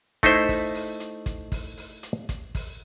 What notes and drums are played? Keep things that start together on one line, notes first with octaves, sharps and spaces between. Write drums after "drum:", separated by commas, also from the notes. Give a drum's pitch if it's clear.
A3 D#4 E4 C5, drum: kick, hi-hat
drum: kick, open hi-hat
drum: open hi-hat
drum: hi-hat
drum: kick, hi-hat
drum: kick, open hi-hat
drum: open hi-hat
drum: hi-hat
drum: kick, hi-hat
drum: kick, open hi-hat